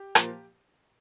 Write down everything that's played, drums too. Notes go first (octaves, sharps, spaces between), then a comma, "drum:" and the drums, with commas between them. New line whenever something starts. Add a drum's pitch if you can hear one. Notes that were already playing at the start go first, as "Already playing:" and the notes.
Already playing: G4
A#2 F3 A#3, drum: rim click